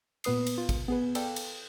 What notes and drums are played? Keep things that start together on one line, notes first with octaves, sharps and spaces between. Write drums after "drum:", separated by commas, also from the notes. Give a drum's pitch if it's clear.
A#2 B3 B4 D#6 C7, drum: cymbal
drum: cymbal
F4
drum: kick G#1, cymbal
B3 G#4 B4
A4 B4 D5 F5 G5, drum: cymbal
drum: cymbal